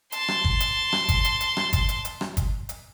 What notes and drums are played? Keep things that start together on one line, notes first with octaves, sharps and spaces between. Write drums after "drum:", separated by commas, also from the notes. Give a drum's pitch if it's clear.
A5 C6, drum: hi-hat
drum: rim click
drum: kick G1
drum: hi-hat
drum: rim click
drum: kick G1, hi-hat
drum: hi-hat
drum: hi-hat
drum: rim click
drum: kick G1, hi-hat
drum: hi-hat
drum: hi-hat
drum: rim click
drum: kick G1, hi-hat
drum: hi-hat